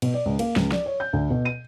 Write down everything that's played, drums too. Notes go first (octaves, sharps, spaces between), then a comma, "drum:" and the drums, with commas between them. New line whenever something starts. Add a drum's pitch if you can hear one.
B2, drum: cymbal
D5
C#2
A#3, drum: cymbal
C#2, drum: snare
D5, drum: snare
C#5
G6
D2
B2
D#7